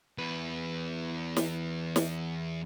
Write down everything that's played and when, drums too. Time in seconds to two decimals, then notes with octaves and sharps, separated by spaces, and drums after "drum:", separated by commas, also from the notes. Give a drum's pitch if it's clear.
0.18 E2 B4
1.37 drum: snare
1.96 drum: snare